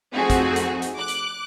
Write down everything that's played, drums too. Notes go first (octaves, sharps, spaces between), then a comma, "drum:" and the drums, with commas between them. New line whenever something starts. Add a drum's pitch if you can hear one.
F3 A3 C4 D#4 F#4 G#4
drum: kick, hi-hat
drum: hi-hat
drum: hi-hat
D6 F#6
drum: hi-hat